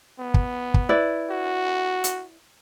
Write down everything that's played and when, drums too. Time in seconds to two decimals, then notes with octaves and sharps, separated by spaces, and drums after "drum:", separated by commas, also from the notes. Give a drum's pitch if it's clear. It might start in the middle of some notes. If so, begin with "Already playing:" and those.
0.19 B3
0.34 drum: kick
0.74 drum: kick
0.89 E4 B4 D5
1.30 F#4
2.04 drum: hi-hat